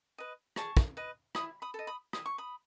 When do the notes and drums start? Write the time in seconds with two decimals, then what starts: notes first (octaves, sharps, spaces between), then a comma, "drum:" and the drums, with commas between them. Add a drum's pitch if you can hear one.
0.18 B4 D#5
0.56 G#4 A5 C#6, drum: rim click
0.77 drum: kick
0.97 B4 D#5
1.35 E4 B5 D#6, drum: rim click
1.62 B5 D#6
1.74 A4 D#5
1.87 B5 D#6
2.13 E4 D#6, drum: rim click
2.26 C#6
2.38 B5 D#6